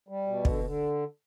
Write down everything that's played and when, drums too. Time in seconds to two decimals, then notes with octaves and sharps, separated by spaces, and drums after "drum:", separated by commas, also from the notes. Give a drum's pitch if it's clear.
0.08 G3
0.27 B2
0.45 D3, drum: kick
0.64 D3